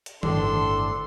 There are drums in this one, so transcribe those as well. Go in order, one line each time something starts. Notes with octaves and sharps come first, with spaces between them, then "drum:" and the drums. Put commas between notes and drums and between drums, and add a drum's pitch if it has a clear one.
drum: hi-hat
G1 D2 A2 D4 A4 C6, drum: tom D#3